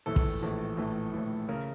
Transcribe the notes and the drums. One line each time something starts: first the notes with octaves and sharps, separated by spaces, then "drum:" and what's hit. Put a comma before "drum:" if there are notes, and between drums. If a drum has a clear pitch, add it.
A#1 A2 E3 A3 A4
drum: kick
A#1 A2 E3 A3
A#1 A2 E3 A3
A#1 A2 E3 A3
C#3 A#4